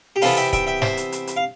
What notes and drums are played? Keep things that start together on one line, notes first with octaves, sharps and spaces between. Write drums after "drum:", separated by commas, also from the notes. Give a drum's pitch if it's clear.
G4
C3 E3 B3 F4 A4, drum: open hi-hat
E5 G5, drum: hi-hat
E5 G5, drum: kick C#1, hi-hat
E5 G5
C5 E5, drum: snare
drum: hi-hat
drum: hi-hat
drum: hi-hat
F5